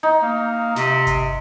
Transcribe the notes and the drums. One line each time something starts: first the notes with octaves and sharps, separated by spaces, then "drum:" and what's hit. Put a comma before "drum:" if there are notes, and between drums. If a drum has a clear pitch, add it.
D#4
A#3
C3, drum: snare
drum: kick G1, hi-hat